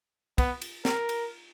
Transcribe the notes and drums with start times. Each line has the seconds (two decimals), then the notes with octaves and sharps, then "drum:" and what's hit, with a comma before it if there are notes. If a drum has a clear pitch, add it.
0.38 B3, drum: kick, cymbal
0.62 drum: cymbal
0.85 A#4, drum: snare
1.09 drum: cymbal